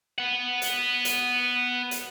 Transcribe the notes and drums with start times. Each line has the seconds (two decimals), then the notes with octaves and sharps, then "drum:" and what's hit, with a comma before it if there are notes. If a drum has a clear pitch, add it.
0.18 B3 F#5
0.62 drum: hi-hat
1.05 drum: hi-hat
1.91 drum: hi-hat